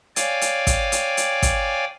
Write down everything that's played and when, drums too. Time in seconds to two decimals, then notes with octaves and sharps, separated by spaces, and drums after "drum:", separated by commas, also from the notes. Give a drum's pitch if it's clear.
0.16 C#5 D5 F5 G5 G#5 D6, drum: hi-hat
0.41 drum: hi-hat
0.67 drum: kick, hi-hat
0.92 drum: hi-hat
1.17 drum: hi-hat
1.42 drum: kick, hi-hat